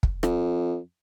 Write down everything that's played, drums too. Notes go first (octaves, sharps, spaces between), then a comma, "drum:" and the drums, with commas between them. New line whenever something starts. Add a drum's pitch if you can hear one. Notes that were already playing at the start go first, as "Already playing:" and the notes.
drum: kick
F2, drum: rim click